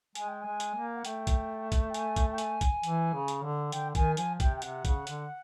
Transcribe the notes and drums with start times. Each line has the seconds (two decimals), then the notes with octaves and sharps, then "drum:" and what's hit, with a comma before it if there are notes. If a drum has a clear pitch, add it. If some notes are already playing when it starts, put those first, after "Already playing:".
0.15 G#3 G#5, drum: hi-hat
0.28 G5
0.41 G#3 G#5
0.60 drum: hi-hat
0.74 A#3
0.96 F#5
1.05 A3 G5, drum: hi-hat
1.27 drum: kick, hi-hat
1.72 drum: kick, hi-hat
1.90 G5
1.94 G#5, drum: hi-hat
2.16 drum: kick, hi-hat
2.32 G5
2.38 G#5, drum: hi-hat
2.61 drum: kick, hi-hat
2.83 E3, drum: hi-hat
3.13 C#3
3.28 drum: hi-hat
3.43 D3
3.72 D3 G5, drum: hi-hat
3.95 D#3 G#5, drum: kick, hi-hat
4.17 F3 G#5, drum: hi-hat
4.40 C3 G5, drum: kick, hi-hat
4.57 G5
4.62 C3 F#5, drum: hi-hat
4.85 C#3, drum: kick, hi-hat
5.07 D3, drum: hi-hat